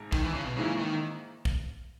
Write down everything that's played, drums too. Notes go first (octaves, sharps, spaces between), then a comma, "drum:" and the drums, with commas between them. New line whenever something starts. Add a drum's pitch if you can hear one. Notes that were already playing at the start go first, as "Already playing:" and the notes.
Already playing: G#1 G#2
D#3, drum: kick
E3
C#3
B2
G#2 C#3 E3 A#3 E4
D#3
drum: kick